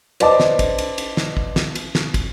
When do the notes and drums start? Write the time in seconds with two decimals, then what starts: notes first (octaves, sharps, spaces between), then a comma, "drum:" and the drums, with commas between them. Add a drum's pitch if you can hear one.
0.20 B4 C5 D5 D#5 A5 D6, drum: cymbal
0.40 drum: snare
0.59 drum: kick, cymbal
0.78 drum: cymbal
0.98 drum: cymbal
1.17 drum: snare
1.37 drum: kick
1.56 drum: snare
1.75 drum: cymbal
1.95 drum: snare
2.14 drum: kick, cymbal